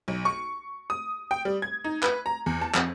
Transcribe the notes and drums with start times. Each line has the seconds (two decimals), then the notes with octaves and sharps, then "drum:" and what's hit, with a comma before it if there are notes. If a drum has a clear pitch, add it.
0.08 B1
0.25 C#6
0.90 D#6
1.31 G5
1.45 G3
1.62 G#6
1.84 D#4
2.03 B4, drum: clap
2.26 A#5
2.46 E2
2.61 A5
2.75 F2, drum: clap